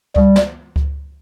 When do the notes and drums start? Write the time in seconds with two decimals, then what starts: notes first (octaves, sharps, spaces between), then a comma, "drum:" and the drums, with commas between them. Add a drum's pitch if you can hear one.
0.16 G3, drum: kick C#2
0.36 drum: snare
0.76 drum: kick C#2